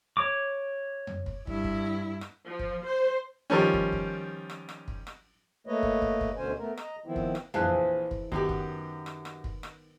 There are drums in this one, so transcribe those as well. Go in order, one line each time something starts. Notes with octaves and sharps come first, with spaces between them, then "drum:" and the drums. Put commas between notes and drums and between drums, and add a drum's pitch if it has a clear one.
C#5 D6
drum: tom F2
drum: kick
G2 E4, drum: kick
drum: kick
drum: rim click
F3
drum: kick
C5
D#3 F3 G3 C#4
drum: kick
drum: kick
drum: rim click
drum: rim click
drum: kick
drum: rim click
A3 A#3 B4 C#5 D#5
drum: kick
drum: kick
drum: kick
D2 B2 D3 C#4 C5 G#5
A3 B3 A#4
D#5 A#5, drum: rim click
D#3 F3 B3 C4 E4
drum: kick
drum: rim click
A#1 E3 F3 C4 G#4 F5 A5 F#6, drum: tom F2
drum: kick
F#2 D#3 B3 D#4 G4, drum: kick
drum: kick
drum: rim click
drum: rim click
drum: kick
drum: rim click